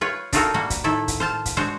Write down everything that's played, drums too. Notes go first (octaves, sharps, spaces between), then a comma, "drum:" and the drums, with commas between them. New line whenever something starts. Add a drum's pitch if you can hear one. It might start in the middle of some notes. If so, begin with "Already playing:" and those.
F4 B4 C#5
D4 D#4 F4 F#4 A4 A#4, drum: kick, hi-hat
G3 A#3 F#4
drum: kick, hi-hat
A2 D#3 E4 A4 E5
drum: kick, hi-hat
C5 F5 A5
drum: kick, hi-hat
G#3 D4 F#4 C5 C#5